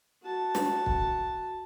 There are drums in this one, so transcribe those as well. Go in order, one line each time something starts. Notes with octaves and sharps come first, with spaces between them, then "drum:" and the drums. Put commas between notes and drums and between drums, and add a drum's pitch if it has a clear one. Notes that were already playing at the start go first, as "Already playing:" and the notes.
F#4 A5
drum: snare
drum: kick